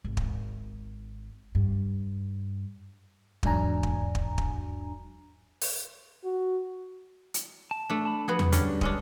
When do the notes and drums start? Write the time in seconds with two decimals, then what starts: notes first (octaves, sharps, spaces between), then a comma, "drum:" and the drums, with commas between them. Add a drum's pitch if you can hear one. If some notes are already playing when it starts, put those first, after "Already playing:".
0.04 G#1
0.17 drum: kick
1.55 G2
3.43 E2 G#2 F#3 D4 G#5 A#5, drum: kick
3.83 drum: kick
4.15 drum: kick
4.38 drum: kick
5.62 drum: open hi-hat
6.25 F#4
7.34 drum: hi-hat
7.71 A5
7.90 A3 D4
8.05 A5 B5
8.28 F3 B3 F#4 G#4
8.39 drum: tom E2
8.52 D3 G3 C#4 D4, drum: hi-hat
8.81 G#3 C#4 D4, drum: kick